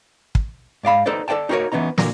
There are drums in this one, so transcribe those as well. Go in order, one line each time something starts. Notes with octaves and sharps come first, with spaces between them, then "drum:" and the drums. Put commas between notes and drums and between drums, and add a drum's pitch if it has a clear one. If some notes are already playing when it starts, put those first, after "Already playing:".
drum: kick
G#2 D5 F5 B5
D#4 A4 B4 C5 D5
A4 C5 D5 G5 A5
D#4 F#4 G#4 A#4 C#5
E3 B3 C#4 D#4 A#5
A#2 D3 F#3 A#4, drum: snare